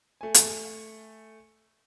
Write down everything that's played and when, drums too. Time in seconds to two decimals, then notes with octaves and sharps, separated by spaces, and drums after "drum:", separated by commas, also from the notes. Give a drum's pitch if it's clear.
0.21 A3 G#5
0.34 drum: hi-hat